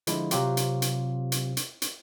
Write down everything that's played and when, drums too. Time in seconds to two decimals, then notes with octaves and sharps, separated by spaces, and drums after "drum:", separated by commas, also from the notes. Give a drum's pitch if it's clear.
0.07 D3 F3 G#3 E4, drum: hi-hat
0.31 C3 F#3 C4 F4 G4 C5, drum: hi-hat
0.57 drum: hi-hat
0.82 drum: hi-hat
1.32 drum: hi-hat
1.57 drum: hi-hat
1.82 drum: hi-hat